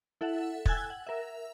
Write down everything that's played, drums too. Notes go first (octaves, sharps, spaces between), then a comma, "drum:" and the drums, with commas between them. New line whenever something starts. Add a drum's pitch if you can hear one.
E4 A4 E5 F#5
G5 G#5 E6 F#6 G#6 A6, drum: kick
F#5
A#4 E5